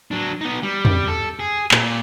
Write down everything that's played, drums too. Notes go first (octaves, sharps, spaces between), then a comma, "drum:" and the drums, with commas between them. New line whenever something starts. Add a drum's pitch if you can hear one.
F#3 D4
B3 D#4
G3
drum: tom
A4
G#4
A#2, drum: clap